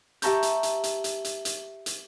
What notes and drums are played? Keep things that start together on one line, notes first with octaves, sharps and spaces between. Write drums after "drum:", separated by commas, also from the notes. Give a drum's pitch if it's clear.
G4 E5 A5 A#5 C#6 G6, drum: hi-hat
drum: hi-hat
drum: hi-hat
drum: hi-hat
drum: hi-hat
drum: hi-hat
drum: hi-hat
drum: hi-hat